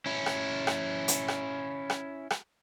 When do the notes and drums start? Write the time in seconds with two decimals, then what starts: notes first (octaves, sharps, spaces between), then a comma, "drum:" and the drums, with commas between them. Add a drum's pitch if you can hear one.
0.06 C#4 E4
0.26 drum: rim click
0.67 drum: rim click
1.08 drum: hi-hat
1.28 drum: rim click
1.90 drum: rim click
2.30 drum: rim click